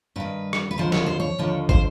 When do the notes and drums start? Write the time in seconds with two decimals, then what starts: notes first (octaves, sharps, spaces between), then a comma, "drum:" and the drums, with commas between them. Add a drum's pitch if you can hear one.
0.16 G2 D#3 B4
0.53 drum: rim click
0.71 B4
0.78 D#2 D3 F3 C5
0.92 C#5, drum: snare
1.06 C5
1.20 C#5
1.39 D#2 D3 F3
1.69 C5, drum: kick